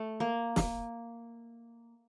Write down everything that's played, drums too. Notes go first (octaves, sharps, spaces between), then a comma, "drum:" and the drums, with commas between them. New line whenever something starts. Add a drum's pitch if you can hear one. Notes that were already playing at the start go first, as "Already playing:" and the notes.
Already playing: A3
A#3
drum: snare